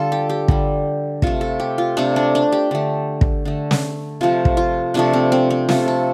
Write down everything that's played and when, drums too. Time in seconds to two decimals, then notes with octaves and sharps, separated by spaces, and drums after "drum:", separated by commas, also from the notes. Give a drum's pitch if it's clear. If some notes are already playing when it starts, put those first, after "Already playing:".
Already playing: D3 G3 F4 A4
0.12 G4
0.30 G4
0.48 D3 G3, drum: kick
1.22 C3 A3 F4, drum: kick
1.41 A4
1.60 G4
1.78 F4
1.97 C3 A3 D4
2.16 D4
2.35 D4
2.52 G4
2.71 D3 A3
3.21 drum: kick
3.45 D3 A3
3.71 drum: snare
4.21 C3 F3 A3 F4
4.45 drum: kick
4.57 F4
4.94 C3 F3 A3 D4
5.13 C4
5.32 C4
5.51 C4
5.69 C3 A3 F4, drum: snare
5.88 A4